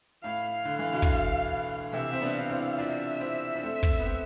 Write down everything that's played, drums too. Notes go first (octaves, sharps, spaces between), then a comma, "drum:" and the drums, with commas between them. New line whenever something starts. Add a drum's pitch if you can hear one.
A2 F5
D3
E3
B2 D3
drum: kick
C3 E3 E5
C4
B3 D4
D4 F5
C4 E4
D4 F4 E5
C4 E4
D4
A3 C4
drum: kick
B3
A3 C4